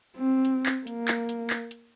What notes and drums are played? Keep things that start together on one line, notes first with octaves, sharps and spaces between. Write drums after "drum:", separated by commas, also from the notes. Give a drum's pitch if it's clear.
C4
drum: hi-hat
drum: clap
A#3, drum: hi-hat
drum: clap
drum: hi-hat
drum: clap
drum: hi-hat